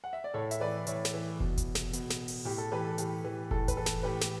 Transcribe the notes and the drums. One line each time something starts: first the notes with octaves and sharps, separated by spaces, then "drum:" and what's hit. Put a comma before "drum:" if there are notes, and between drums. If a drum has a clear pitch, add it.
F#5
E5
D5
A2 A4 C#5
E5, drum: hi-hat
E3 B4 D5
A2 C#5 E5, drum: hi-hat
drum: snare
E3
B2, drum: kick
drum: kick, hi-hat
drum: snare
B2, drum: hi-hat
drum: snare
drum: open hi-hat
A2 G4
A4
E3 G4 B4
A4
A2 G4, drum: hi-hat
E3
A2 A4, drum: kick
B4, drum: kick, hi-hat
E3 A4
drum: snare
A2 G4 B4
drum: snare